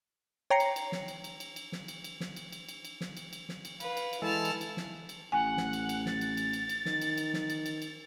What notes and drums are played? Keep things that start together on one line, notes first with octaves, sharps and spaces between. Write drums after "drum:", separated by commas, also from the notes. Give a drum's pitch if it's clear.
C#5 G5 A#5 A#6 C7 C#7
drum: cymbal
drum: cymbal
drum: snare
drum: cymbal
drum: cymbal
drum: cymbal
drum: cymbal
drum: snare
drum: cymbal
drum: cymbal
drum: snare
drum: cymbal
drum: cymbal
drum: cymbal
drum: cymbal
drum: snare
drum: cymbal
drum: cymbal
drum: snare
drum: cymbal
B4 F5, drum: cymbal
drum: cymbal
drum: cymbal
E3 G#3 E4 A4 A5 F6
drum: cymbal
drum: cymbal
drum: snare
drum: cymbal
A1 F#5 G#5
drum: snare
drum: cymbal
drum: cymbal
A6, drum: snare
drum: cymbal
drum: cymbal
drum: cymbal
drum: cymbal
D#3, drum: snare
drum: cymbal
drum: cymbal
drum: snare
drum: cymbal
drum: cymbal
drum: cymbal